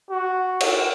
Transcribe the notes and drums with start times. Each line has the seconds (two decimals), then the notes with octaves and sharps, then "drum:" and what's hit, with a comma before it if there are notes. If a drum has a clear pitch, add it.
0.10 F#4
0.61 drum: cymbal